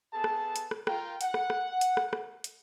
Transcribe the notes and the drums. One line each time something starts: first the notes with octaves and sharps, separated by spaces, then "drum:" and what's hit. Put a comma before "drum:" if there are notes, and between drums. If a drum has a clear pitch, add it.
B3 G#4 A4 A5
drum: rim click
drum: hi-hat
drum: rim click
F4 A#4 G5, drum: rim click
F#5, drum: hi-hat
drum: rim click
drum: rim click
drum: hi-hat
drum: rim click
drum: rim click
drum: hi-hat